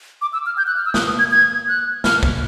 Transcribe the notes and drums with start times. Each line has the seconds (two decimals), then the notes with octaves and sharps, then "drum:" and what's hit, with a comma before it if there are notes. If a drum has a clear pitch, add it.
0.22 D6
0.33 E6
0.46 F6
0.58 G6
0.67 F#6
0.76 F6
0.85 E6
0.94 D#6, drum: snare
1.07 D#6
1.19 G#6
1.31 G#6
1.68 F#6
2.04 F6, drum: snare
2.23 drum: kick A#1